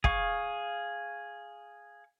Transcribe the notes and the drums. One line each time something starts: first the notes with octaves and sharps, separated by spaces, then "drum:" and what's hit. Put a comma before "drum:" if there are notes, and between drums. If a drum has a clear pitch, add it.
G#4 F5 C#6, drum: kick